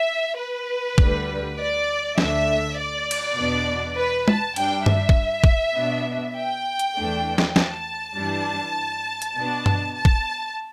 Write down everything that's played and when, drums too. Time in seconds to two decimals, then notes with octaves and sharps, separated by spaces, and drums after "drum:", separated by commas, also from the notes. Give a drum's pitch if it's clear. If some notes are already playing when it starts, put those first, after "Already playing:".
Already playing: E5
0.38 B4
0.98 D2 D3 G3, drum: kick
1.58 D5
2.18 D2 D3 A3 D4 E5, drum: snare
2.78 D5
3.11 drum: cymbal
3.37 E2 B2 B3 D4
3.97 B4
4.28 A5, drum: tom
4.56 G2 G3 D4 G5, drum: cymbal
4.86 E5, drum: tom G2
5.09 drum: kick
5.44 drum: kick
5.77 B2 B3 D4
6.36 G5
6.79 drum: hi-hat
6.96 E2 E3 A3 D4
7.38 drum: snare
7.56 A5, drum: snare
8.16 G2 E3 G3 D4
9.22 drum: hi-hat
9.36 B2 B3 D4
9.66 drum: tom G2
9.95 A5
10.05 drum: kick